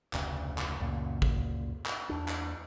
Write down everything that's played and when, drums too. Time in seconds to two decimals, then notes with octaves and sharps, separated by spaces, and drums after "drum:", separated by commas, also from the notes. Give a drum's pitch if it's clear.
0.13 F1 D2 C#3, drum: clap
0.58 drum: clap
0.79 C#2 F#2 A#2 C#3
1.22 drum: kick
1.86 drum: clap
2.09 E2 D4
2.28 drum: clap